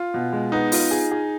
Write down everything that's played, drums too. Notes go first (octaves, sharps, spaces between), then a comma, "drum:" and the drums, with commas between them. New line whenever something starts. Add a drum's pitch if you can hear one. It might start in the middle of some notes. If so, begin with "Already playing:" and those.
Already playing: F4
B2
G#3
B3 D#4
F4, drum: open hi-hat
G#4
G#4